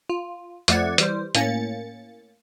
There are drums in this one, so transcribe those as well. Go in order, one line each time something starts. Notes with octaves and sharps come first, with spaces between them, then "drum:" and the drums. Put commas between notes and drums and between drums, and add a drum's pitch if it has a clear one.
F4
F2 F3 A3 D5 F#5 G#6, drum: hi-hat
E3 G3 C5, drum: hi-hat
A2 A#3 C#4 A6 C#7, drum: hi-hat